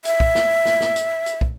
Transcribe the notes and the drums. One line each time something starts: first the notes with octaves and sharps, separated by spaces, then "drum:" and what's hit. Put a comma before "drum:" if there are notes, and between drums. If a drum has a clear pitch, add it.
E5, drum: hi-hat
drum: kick
drum: snare
drum: snare
drum: snare
drum: hi-hat
drum: hi-hat
drum: kick